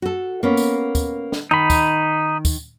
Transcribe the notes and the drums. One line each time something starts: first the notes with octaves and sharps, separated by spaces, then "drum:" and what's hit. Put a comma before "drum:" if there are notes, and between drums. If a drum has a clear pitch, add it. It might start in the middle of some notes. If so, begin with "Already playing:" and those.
F#4 A4
A#3 B3 C#4
drum: tambourine
drum: kick, tambourine
drum: snare
D#3 D#4 B5
drum: kick, tambourine
drum: kick, tambourine